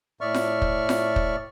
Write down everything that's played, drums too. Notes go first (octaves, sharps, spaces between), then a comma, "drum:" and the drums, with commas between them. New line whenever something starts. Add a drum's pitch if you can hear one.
A2 D5 E5 C#6 F6
drum: snare F4
drum: kick
drum: snare F4
drum: kick